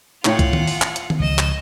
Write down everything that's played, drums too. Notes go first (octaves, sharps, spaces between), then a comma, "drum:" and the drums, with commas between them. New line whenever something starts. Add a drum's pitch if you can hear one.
A2 F4 C#5 F#5 G5, drum: clap
drum: kick B1, hi-hat
drum: tom D#3
drum: open hi-hat
drum: clap
drum: hi-hat
drum: tom D#3
C#2 F3 D#5 E7
drum: clap